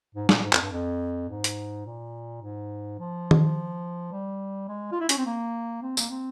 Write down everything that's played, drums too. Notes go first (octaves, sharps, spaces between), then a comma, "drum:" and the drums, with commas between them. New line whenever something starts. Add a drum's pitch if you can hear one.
G#2
A#2, drum: snare
G#2
F2, drum: clap
G2
F2
G#2
drum: hi-hat
A#2
G#2
F3
drum: tom D#3
G3
G#3
F4
E4
C#4, drum: hi-hat
C4
A#3
C4
A#3, drum: tambourine
C4